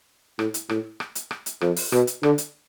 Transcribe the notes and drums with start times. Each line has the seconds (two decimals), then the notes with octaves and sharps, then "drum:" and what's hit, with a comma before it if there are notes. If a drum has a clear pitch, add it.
0.39 A2, drum: rim click
0.54 drum: hi-hat
0.69 A2, drum: rim click
1.00 drum: rim click
1.15 drum: hi-hat
1.31 drum: rim click
1.46 drum: hi-hat
1.61 F2, drum: rim click
1.77 drum: open hi-hat
1.92 B2, drum: rim click
2.07 drum: hi-hat
2.23 D3, drum: rim click
2.38 drum: hi-hat